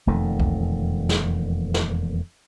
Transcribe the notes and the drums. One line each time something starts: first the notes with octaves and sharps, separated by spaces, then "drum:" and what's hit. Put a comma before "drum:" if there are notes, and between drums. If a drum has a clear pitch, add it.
E1 F2 D#3 A3
drum: kick C2
drum: snare
drum: snare